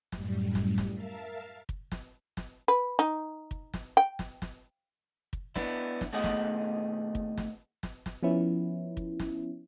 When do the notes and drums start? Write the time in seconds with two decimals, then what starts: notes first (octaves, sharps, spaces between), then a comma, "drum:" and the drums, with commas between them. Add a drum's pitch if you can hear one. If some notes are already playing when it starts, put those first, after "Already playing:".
0.12 F#2 A2 G3, drum: snare
0.55 drum: snare
0.78 drum: snare
0.93 A#4 E5 F5 A5
1.69 drum: kick
1.92 drum: snare
2.37 drum: snare
2.68 B4
2.99 D#4
3.51 drum: kick
3.74 drum: snare
3.97 G5
4.19 drum: snare
4.42 drum: snare
5.33 drum: kick
5.56 B3 D4 E4, drum: snare
6.01 drum: snare
6.13 D#2 B2 A3 G#4 D#5 F#5
6.24 drum: snare
7.15 drum: kick
7.38 drum: snare
7.83 drum: snare
8.06 drum: snare
8.23 F3 B3 C#4 E4
8.97 drum: kick
9.20 drum: snare